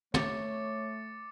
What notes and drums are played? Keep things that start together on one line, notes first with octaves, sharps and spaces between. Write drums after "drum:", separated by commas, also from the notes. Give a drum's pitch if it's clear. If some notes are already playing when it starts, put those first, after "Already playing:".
A3 C#5 D6 A6 C#7, drum: tom